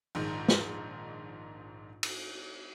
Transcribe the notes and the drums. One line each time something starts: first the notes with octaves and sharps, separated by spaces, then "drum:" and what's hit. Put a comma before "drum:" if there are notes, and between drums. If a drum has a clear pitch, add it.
A#1 G#2 D#3
drum: snare
drum: cymbal